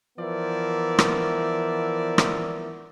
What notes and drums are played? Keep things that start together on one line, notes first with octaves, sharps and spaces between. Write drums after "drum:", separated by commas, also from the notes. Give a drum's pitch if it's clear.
E3 F3 B3 A#4 D5 E5
drum: rim click
drum: rim click